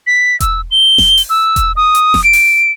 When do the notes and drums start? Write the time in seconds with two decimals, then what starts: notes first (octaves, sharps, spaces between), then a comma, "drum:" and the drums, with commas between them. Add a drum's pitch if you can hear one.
0.07 B6
0.40 E6, drum: kick E1, hi-hat
0.71 G7
0.98 drum: snare F1
1.18 drum: open hi-hat
1.30 E6
1.56 drum: kick E1, hi-hat
1.76 D#6
1.95 drum: hi-hat
2.14 drum: snare F1
2.24 D7
2.33 drum: open hi-hat